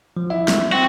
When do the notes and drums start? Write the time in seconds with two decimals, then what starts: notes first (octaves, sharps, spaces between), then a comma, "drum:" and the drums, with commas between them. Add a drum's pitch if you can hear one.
0.17 F3
0.30 E4 E5
0.48 drum: snare
0.72 C4 F#4